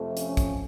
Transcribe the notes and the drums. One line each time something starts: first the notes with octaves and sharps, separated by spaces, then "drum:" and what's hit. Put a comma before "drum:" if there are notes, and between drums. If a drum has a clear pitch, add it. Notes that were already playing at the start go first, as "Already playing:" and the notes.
Already playing: F2 C3 F3 A3
C#4, drum: hi-hat
drum: kick, hi-hat